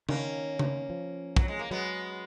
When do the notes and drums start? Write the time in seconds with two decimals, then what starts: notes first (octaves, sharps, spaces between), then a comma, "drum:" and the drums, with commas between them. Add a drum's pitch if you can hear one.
0.09 D#3 A#3 C#4, drum: tom C#3
0.59 drum: tom C#3
0.90 F3
1.36 F#3, drum: kick
1.48 G#3
1.59 A#3
1.71 F#3 G#3 B3